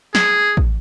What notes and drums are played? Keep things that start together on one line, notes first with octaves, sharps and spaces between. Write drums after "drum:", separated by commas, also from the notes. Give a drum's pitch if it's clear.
G#4, drum: snare
drum: kick A1